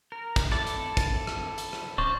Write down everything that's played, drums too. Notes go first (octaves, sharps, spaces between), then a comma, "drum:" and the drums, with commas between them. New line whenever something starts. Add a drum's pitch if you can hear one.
A#4
drum: kick, hi-hat
E4 A4 D5, drum: rim click
drum: hi-hat
drum: kick, hi-hat
drum: rim click
drum: hi-hat
drum: rim click
D1 C#4 C5 D5 C#6